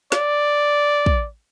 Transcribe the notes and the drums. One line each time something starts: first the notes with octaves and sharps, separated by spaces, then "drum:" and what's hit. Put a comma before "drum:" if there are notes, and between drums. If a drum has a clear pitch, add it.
D5, drum: snare
drum: kick